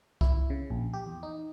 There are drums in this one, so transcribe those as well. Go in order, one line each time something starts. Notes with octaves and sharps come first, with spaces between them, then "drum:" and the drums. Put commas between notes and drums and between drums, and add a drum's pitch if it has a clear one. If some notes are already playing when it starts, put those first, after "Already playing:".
E4, drum: kick C2
C#3
A#1
G4
E2
D#4